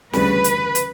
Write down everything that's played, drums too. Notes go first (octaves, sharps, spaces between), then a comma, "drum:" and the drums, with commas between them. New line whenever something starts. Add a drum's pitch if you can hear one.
D2 C#3 E3 G3 B4, drum: snare
drum: hi-hat
drum: hi-hat